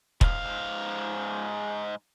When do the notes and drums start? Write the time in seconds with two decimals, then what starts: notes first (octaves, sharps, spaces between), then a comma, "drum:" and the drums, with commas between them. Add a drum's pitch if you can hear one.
0.21 G#2 F5, drum: kick